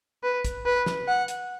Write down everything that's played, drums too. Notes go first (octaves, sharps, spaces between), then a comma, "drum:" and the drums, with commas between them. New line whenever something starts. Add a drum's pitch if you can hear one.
B4
drum: kick, hi-hat
B4
drum: snare
F#5
drum: hi-hat